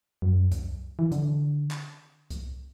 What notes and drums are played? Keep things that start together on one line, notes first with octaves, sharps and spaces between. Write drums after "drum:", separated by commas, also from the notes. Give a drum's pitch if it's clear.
F#2
drum: kick C2, hi-hat
E3
D3, drum: hi-hat
drum: clap
drum: kick C2, hi-hat